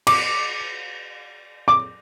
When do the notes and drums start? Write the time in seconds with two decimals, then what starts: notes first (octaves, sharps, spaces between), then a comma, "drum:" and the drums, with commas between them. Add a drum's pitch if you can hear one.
0.07 D6, drum: cymbal
1.68 D6